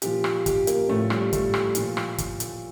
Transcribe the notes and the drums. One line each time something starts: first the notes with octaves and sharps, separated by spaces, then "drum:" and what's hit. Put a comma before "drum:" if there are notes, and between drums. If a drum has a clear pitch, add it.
A#2 F3 G4, drum: hi-hat
drum: rim click
G4, drum: kick, hi-hat
A#3, drum: hi-hat
A2 F3 A3
G3, drum: rim click
A3, drum: kick, hi-hat
drum: rim click
A#2 F3, drum: hi-hat
drum: rim click
drum: kick, hi-hat
drum: hi-hat